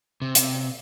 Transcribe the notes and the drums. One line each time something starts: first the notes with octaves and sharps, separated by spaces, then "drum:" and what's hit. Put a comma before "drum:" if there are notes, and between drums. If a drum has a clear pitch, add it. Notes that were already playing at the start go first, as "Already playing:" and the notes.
C3
drum: hi-hat